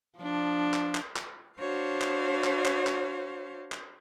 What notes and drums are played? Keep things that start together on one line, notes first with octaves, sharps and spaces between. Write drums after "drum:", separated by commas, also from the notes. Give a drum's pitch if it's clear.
F3 D4
drum: clap
drum: clap
drum: clap
D4 F#4 C5 C#5 F5
drum: clap
drum: clap
drum: clap
drum: clap
drum: clap